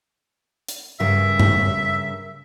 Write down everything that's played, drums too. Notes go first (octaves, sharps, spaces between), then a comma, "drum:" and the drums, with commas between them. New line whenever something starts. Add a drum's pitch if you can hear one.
drum: hi-hat
G2 C#3 A#4 E5
drum: tom F#2